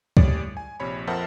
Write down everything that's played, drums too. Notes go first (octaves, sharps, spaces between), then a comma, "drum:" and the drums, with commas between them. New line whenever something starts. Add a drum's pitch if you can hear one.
A2 G3 G#3 G#4 C#5 D5, drum: kick
G#5
A#1 C3 C#5 B5
F2 A#4 C5 E5 F#5 A5